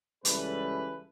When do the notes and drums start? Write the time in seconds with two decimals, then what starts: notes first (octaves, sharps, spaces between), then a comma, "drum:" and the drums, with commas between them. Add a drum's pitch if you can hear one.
0.25 C#2 C#3 E3 G3 A4 B4, drum: hi-hat